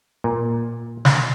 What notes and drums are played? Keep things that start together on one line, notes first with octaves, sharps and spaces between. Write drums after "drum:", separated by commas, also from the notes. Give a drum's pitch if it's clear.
A#2
drum: snare